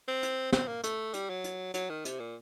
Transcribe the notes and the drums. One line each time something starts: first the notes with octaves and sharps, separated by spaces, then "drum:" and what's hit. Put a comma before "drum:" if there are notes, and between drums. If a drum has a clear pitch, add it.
C4
drum: hi-hat
C4, drum: snare
A#3
A3, drum: hi-hat
G3, drum: hi-hat
F#3
drum: hi-hat
F#3, drum: hi-hat
D#3
C3, drum: hi-hat
A#2